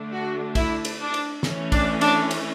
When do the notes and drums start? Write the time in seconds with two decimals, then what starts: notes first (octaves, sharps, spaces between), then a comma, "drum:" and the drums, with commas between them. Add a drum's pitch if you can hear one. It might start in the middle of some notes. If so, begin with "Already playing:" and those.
Already playing: D3 A3 D4
0.12 F#4
0.55 E4, drum: kick, cymbal
0.85 drum: cymbal
1.00 D4
1.14 drum: cymbal
1.43 E3 A3 C#4, drum: snare
1.72 D4, drum: kick, cymbal
2.01 D4, drum: cymbal
2.31 drum: cymbal